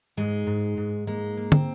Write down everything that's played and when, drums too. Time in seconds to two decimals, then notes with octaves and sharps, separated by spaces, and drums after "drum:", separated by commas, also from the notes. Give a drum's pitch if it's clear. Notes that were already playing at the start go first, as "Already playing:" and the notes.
0.17 G#2 G#3
0.47 G#2
0.77 G#2
1.07 G#3 A#3
1.37 A#3
1.52 C4, drum: tom